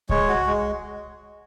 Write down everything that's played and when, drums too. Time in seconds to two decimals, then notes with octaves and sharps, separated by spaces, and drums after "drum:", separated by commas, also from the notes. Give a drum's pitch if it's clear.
0.09 G#3 C#5, drum: kick C2
0.28 F#4
0.47 G#3